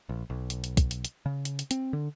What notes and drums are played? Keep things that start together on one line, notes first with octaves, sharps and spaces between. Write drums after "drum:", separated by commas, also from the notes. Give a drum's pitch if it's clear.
A#1
B1
drum: hi-hat
drum: hi-hat
drum: kick, hi-hat
drum: hi-hat
drum: hi-hat
C#3
drum: hi-hat
drum: hi-hat
C4, drum: hi-hat
D3